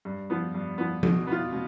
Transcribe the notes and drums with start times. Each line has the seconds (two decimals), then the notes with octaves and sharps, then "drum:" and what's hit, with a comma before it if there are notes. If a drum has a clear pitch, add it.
0.05 G2
0.30 F3 B3
0.54 G2
0.78 F3 B3
1.03 B2, drum: tom F3
1.27 B3 F4
1.53 B2